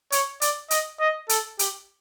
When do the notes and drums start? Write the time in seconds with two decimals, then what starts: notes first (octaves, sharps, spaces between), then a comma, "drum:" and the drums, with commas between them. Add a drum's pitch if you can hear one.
0.12 C#5, drum: hi-hat
0.41 D5, drum: hi-hat
0.71 D#5, drum: hi-hat
1.00 D#5
1.29 A4, drum: hi-hat
1.59 G4, drum: hi-hat